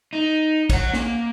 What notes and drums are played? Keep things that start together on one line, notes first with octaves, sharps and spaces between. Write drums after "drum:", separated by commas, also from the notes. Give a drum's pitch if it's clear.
D#4
C#5 F#5, drum: kick, cymbal
A#3, drum: snare